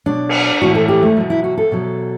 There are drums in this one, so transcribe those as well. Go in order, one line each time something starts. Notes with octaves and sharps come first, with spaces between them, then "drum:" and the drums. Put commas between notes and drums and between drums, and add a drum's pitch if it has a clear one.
B2 F#3 D4
drum: cymbal
A2 E3 F#4
A4
G4
A3
B2 F#3
E4
F#4
A4
B2 F#3